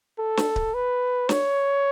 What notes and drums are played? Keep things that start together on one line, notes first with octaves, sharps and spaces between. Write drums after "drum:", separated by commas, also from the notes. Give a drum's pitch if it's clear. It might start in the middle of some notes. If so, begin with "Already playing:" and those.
A4
drum: snare
drum: kick D1
B4
C#5, drum: snare